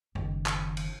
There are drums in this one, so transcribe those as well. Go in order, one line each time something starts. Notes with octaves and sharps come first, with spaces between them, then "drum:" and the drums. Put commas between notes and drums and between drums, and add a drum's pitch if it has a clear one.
F#1 D#3, drum: tom F#2
drum: clap
drum: cymbal